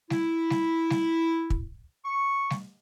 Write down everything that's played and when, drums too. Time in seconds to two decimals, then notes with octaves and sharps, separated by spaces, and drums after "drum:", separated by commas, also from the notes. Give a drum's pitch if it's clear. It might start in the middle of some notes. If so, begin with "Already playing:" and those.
0.10 E4, drum: snare G3
0.50 drum: snare G3
0.90 drum: snare G3
1.50 drum: kick
2.05 C#6
2.50 drum: snare G3